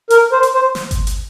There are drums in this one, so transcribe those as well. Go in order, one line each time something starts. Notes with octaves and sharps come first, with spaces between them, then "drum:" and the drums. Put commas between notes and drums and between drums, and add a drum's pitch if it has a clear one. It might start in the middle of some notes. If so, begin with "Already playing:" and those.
A#4, drum: hi-hat
C5
drum: hi-hat
C5
drum: snare
drum: kick G1, hi-hat
drum: hi-hat